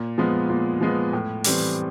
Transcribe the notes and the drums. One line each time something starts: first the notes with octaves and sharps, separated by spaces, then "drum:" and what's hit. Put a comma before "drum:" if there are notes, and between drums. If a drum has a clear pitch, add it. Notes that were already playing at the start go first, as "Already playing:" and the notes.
Already playing: A#2
F3 G#3 B3
A#2
F3 G#3 B3
A2
E3 G3 C4, drum: open hi-hat